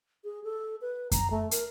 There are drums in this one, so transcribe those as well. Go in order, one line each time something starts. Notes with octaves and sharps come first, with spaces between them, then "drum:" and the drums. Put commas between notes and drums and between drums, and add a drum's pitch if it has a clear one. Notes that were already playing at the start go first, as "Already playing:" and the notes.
G#4
A4
B4
A#5, drum: kick F#2, hi-hat
A3
A#4, drum: hi-hat